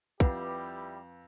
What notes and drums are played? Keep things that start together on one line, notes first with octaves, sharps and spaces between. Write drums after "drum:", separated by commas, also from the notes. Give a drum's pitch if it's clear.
F2 G3 E4 G4 B4 F#5, drum: kick